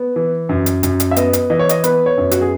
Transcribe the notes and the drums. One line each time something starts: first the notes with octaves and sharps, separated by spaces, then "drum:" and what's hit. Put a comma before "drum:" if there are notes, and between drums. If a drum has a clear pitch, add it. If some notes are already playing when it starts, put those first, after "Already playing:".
Already playing: B3
E3
F#2
drum: hi-hat
F#2, drum: hi-hat
drum: hi-hat
E5
B3 D#5, drum: hi-hat
drum: hi-hat
E3 D#5
C#5
D#5, drum: hi-hat
B3 B4, drum: hi-hat
C#5
F#2
F#4, drum: hi-hat
G#4